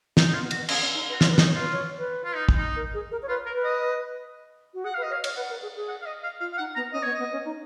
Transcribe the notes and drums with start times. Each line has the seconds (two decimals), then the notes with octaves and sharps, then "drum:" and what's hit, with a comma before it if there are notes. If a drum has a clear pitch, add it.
0.17 C#4 D#4, drum: snare
0.28 B3 D#4
0.34 F4
0.42 B3
0.51 F#4, drum: cymbal
0.56 B3
0.69 C#4 G#4, drum: cymbal
0.82 C#4
0.94 D#4
1.08 B4
1.12 F#4
1.21 F4 C#5, drum: snare
1.29 A#4
1.34 B4
1.38 D#4, drum: snare
1.46 C#5
1.55 F4 B4
1.72 C#5
1.98 B4
2.25 F4
2.35 D#4
2.49 drum: kick
2.58 D#4
2.76 A#4
2.94 G#4
3.11 A#4
3.22 C#5
3.29 F4 B4
3.46 A#4
3.55 B4
3.64 D#5
4.74 F#4
4.84 G#4 F#5
4.94 B4 F5
5.03 D#5
5.10 C#5 F5
5.24 C#5, drum: cymbal
5.36 B4 F#5
5.50 A#4
5.62 G#4
5.76 G#4
5.88 F#5
6.02 F5
6.06 D#5
6.23 F5
6.40 F4 F5
6.53 F5
6.58 D#4 F#5
6.75 B3 A#5
6.93 C#4 D#5
7.03 B3 C#5
7.14 B3 D#5
7.32 C#4
7.45 D#4